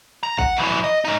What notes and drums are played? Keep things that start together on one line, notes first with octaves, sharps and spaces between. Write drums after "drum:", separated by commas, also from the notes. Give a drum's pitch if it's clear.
A#5
F#5, drum: kick A1
F#2 E3
D#5
C#4 D#4